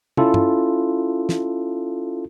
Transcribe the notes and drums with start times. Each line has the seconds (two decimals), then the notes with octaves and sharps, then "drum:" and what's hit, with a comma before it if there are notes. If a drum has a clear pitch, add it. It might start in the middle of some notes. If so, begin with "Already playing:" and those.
0.17 C#4 E4 F4 A4, drum: tom
0.34 drum: tom
1.29 drum: snare